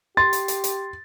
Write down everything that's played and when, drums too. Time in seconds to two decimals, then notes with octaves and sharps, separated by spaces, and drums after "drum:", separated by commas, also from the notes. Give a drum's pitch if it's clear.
0.17 G4 C6 A6
0.33 drum: hi-hat
0.48 drum: hi-hat
0.64 drum: hi-hat